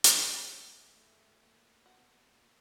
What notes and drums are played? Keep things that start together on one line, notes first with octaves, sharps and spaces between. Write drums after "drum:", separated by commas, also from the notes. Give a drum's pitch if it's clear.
B3 F4, drum: hi-hat
A3
G#3
A3
A#3
B3 F#4
A#3